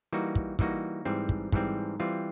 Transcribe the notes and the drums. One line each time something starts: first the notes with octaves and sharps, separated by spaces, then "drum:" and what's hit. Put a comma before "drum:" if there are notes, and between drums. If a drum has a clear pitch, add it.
E3 G3 A#3 D#4 F#4
drum: kick
E3 G3 A#3 D#4 F#4, drum: kick
G#2 E3 G3 C4
drum: kick
G#2 E3 G3 C4, drum: kick
E3 G3 C4 F4